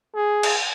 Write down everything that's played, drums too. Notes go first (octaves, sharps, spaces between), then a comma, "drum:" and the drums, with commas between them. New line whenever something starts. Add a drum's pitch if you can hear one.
G#4
drum: cymbal